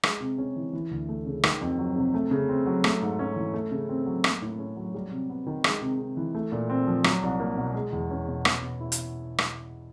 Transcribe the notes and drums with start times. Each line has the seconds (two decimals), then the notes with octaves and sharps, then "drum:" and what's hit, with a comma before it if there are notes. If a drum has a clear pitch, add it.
0.03 G#3, drum: rim click
0.20 C3
0.38 C#4
0.56 E3
0.73 E3
0.91 D2
1.09 A3
1.26 C#3
1.43 D#3, drum: rim click
1.61 F2
1.79 F#3
1.96 C3
2.14 A3
2.31 C#3
2.49 C4
2.66 F#3
2.84 A3, drum: rim click
3.01 G#2
3.19 C#4
3.36 E3
3.54 A3
3.71 C#3
3.89 C4
4.06 F#3
4.24 A#3, drum: rim click
4.42 A2
4.59 C#4
4.77 F#3
4.94 G3
5.11 C3
5.29 B3
5.47 D#3
5.64 G#3, drum: rim click
5.81 C3
5.99 C3
6.17 E3
6.35 A3
6.52 A#2
6.70 C4
6.87 F3
7.04 F#3, drum: rim click
7.23 C2
7.40 A#3
7.57 B2
7.74 G#3
7.93 E2
8.10 C#4
8.27 B2
8.45 B3, drum: rim click
8.62 B2
8.80 E4
8.92 drum: hi-hat
9.38 drum: rim click